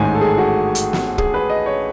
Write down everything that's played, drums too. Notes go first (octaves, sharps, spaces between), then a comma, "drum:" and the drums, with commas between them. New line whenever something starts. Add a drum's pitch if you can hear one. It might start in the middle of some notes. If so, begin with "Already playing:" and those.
Already playing: A1 G#2 D#3 G#3 G#5
A4
G#4
F#4
drum: hi-hat
drum: snare
G#4, drum: kick
B4
D#5
C#5